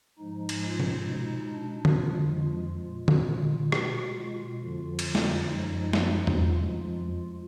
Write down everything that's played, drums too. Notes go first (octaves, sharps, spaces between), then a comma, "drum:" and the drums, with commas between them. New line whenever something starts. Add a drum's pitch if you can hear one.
G#2 F3 G#3 D#4
drum: cymbal
F4
drum: tom C3
B2 G#3 D#4
D4
drum: tom D3
F2 F3 G#3 F4
F4
A#2 G#3
drum: tom D3
B2 G#3 F#4, drum: rim click
F4
F2 D3 F3 F4
drum: cymbal
drum: snare
F#2 F3 G#3 D#4
D#4, drum: snare
drum: tom E2
F2 F3 G#3 F4